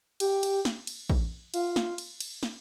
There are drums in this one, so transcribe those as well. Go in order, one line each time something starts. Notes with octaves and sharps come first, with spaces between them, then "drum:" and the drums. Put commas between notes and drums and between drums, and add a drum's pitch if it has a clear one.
G4, drum: cymbal
drum: cymbal
drum: snare
drum: cymbal
drum: kick A1
F4, drum: cymbal
drum: snare
drum: cymbal
drum: cymbal
drum: snare